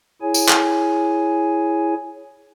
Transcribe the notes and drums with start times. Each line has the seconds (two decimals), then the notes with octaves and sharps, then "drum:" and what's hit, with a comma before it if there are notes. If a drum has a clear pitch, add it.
0.22 E4 G#4 C#5 G#5
0.34 drum: tambourine
0.48 drum: clap